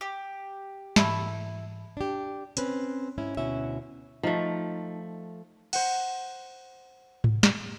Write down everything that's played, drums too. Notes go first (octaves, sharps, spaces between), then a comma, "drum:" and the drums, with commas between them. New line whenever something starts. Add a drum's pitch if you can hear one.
G4
G#2 E3 A3 E4 B5, drum: snare
D4 G4
C4 C#4 B4, drum: hi-hat
G#2 C#4 E4
D2 B2 C#4 E4 E5
F3 A3 D#4
C5 F#5, drum: cymbal
drum: tom G#2
drum: snare